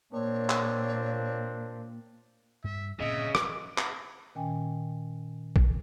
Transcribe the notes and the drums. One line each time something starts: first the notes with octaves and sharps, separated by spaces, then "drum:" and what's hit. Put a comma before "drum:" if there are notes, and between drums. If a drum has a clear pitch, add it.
A#2 A#3 C4 D4 C#5
drum: clap
G2 E5
D1 A#2 C#3 C4 D#5 E5
drum: rim click
drum: clap
A#2 D#3 C#4 G5 G#5
drum: kick